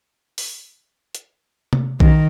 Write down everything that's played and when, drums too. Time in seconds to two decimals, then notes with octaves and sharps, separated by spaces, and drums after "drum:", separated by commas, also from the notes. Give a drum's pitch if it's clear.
0.38 drum: open hi-hat
1.15 drum: hi-hat
1.73 drum: tom C3
2.00 D#3, drum: kick